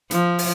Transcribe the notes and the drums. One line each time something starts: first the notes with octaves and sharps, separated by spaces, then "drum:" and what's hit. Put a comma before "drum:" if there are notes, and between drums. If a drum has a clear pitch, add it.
F3, drum: hi-hat
drum: open hi-hat